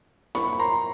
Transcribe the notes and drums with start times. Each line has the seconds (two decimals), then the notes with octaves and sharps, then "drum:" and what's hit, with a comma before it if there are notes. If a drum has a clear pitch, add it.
0.35 B5 C#6, drum: snare E4
0.53 B5
0.60 A#5 C6